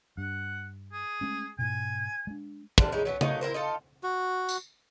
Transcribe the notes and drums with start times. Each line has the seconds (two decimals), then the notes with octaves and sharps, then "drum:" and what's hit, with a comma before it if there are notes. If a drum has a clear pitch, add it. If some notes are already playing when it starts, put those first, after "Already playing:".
0.18 G2 F#5
0.92 G#4
1.21 G#3 A3 C#4
1.59 G#2 B2 G#5
2.27 G#3 D4
2.78 D3 F3 G3 D4, drum: kick
2.92 G#3 C#4 D#4 E4
3.05 F#3 B3 C#4
3.21 F#3 A3 A#3 D#4, drum: tom C#3
3.41 E4 F4 A#4 C5
3.54 D#4 F4 A4
4.03 F#4
4.49 drum: tambourine